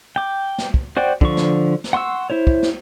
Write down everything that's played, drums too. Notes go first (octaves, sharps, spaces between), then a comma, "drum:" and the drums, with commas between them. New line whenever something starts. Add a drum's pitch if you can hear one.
G5 D6
drum: snare
drum: kick
F#4 C5 D5 F#5 G5
D3 F3 C#6, drum: kick
drum: snare
drum: snare
F#5 C6 C#6 E6
E4 C5 C#5
drum: kick
drum: snare